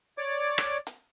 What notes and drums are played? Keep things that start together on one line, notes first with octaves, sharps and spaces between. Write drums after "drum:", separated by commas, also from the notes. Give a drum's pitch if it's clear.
C#5 D5 D6
drum: rim click
drum: hi-hat